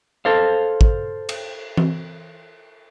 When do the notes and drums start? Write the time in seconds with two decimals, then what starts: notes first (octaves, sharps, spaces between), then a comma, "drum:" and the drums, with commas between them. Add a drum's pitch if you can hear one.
0.25 A4 C5 F5
0.81 drum: kick
1.29 drum: cymbal
1.77 drum: tom E3